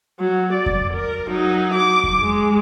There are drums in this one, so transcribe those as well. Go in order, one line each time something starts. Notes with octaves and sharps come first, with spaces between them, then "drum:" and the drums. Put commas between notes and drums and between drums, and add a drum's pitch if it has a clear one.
F#3
D5
drum: kick F2
A#4
F#3 D#4
D6
drum: kick F2
G#3